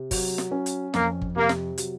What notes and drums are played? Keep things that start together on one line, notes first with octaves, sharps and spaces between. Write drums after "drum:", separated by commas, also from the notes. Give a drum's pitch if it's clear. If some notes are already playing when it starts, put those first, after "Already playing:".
Already playing: C3
F#3, drum: kick G1, open hi-hat
drum: snare
C#4
drum: hi-hat
F2 A#3, drum: snare
drum: kick G1
C3 A#3
drum: snare
F#3, drum: hi-hat